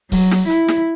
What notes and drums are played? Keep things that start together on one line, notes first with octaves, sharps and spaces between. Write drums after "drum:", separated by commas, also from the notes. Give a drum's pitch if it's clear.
F#3, drum: kick C#1, open hi-hat
drum: snare
E4, drum: hi-hat
drum: snare